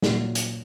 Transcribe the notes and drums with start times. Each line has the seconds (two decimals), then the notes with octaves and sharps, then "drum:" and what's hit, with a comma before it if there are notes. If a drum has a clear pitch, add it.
0.02 A#2 F#3, drum: snare
0.35 drum: hi-hat